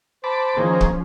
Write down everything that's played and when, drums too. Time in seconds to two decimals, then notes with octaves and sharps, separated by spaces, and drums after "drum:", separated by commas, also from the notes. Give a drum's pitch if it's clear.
0.24 C5 A5 B5 D6
0.57 D#3 F3 A#3 C#4 G#4
0.81 drum: kick